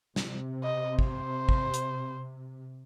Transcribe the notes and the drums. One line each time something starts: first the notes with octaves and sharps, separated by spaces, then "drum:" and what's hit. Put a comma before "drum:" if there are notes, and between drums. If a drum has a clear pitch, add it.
C3, drum: snare
D#5
C5, drum: kick
drum: kick
drum: hi-hat